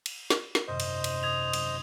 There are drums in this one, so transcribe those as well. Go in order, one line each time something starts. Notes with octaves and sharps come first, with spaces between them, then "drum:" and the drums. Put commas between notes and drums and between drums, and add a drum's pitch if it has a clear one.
drum: cymbal
drum: snare
drum: snare
G#1 F#2 C3 C5 D#5
drum: cymbal
drum: cymbal
D#6 G#6 F7
F#3 C4, drum: cymbal